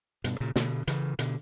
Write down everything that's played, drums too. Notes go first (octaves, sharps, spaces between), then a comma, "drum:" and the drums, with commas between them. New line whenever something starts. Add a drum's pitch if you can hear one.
G2 B2, drum: hi-hat
A#2 C#3
B2 D3, drum: snare
C#3 E3, drum: hi-hat
B2 D3, drum: hi-hat